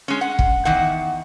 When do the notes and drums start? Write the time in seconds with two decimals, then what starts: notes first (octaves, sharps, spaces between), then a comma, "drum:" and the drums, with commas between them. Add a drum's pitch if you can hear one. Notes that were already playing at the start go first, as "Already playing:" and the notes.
0.08 G#3 C#4
0.21 F#5
0.39 drum: kick
0.65 E2 D#3 F#5